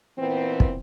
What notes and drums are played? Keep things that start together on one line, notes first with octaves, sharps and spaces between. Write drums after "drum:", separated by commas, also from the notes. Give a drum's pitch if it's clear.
A#2 E3 B3 C4
drum: kick